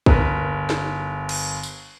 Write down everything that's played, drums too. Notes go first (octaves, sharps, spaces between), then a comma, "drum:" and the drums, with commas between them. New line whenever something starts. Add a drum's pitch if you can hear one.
G1 A#4 B4, drum: kick
drum: snare
drum: cymbal
drum: tambourine